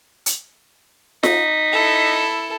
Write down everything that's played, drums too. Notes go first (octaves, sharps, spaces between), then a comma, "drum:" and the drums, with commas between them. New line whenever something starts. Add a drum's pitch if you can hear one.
drum: hi-hat
D#4 B6, drum: snare F4
E4 A4